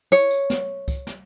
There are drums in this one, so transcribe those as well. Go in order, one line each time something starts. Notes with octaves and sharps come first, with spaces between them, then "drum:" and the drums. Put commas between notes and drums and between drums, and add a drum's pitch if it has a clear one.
C#5, drum: tambourine
drum: tambourine
drum: snare
drum: kick C2, tambourine
drum: snare